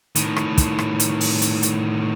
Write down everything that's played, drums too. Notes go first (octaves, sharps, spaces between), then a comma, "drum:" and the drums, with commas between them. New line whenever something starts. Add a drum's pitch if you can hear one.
A2 D#3, drum: hi-hat
drum: rim click
drum: kick, hi-hat
drum: rim click
drum: hi-hat
drum: open hi-hat
drum: hi-hat
drum: hi-hat